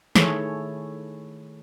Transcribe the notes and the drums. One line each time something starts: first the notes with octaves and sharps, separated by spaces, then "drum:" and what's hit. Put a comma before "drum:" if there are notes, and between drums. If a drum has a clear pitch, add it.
D#3 A3 E4 G#4 A4 C#5, drum: snare